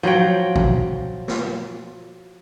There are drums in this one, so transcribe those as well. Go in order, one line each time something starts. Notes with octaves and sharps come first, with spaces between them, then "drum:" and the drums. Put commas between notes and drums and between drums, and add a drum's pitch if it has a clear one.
F3 F#3 F#5 G5
drum: kick
drum: snare